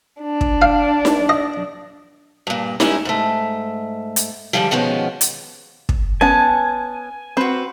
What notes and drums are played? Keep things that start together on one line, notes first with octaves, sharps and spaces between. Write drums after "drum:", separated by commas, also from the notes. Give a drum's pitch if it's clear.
D4
drum: kick
F5
drum: snare D#4
D#5
G2 A#2
G3 G#3 C#4 D#4 E4, drum: snare D#4
G#2 A3
drum: hi-hat
G#2 B2 D3 F3 G3
B2 D#3 F3 G#3 B3 C#4
drum: hi-hat
drum: kick
B3 C#4 F#5 G#5 A5
C4 F#4 B4